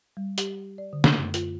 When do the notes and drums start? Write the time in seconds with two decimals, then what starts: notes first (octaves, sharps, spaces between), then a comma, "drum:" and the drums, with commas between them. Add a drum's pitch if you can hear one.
0.17 G3
0.38 G4, drum: hi-hat
0.78 D5
0.93 D3
1.04 A3, drum: snare
1.18 F#2
1.34 F4, drum: hi-hat